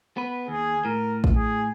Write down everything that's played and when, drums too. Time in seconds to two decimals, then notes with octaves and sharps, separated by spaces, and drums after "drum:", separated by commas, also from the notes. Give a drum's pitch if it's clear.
0.17 B3 B4
0.48 D#2 G#4
0.85 A2 A#4
1.24 drum: kick A1
1.36 G#4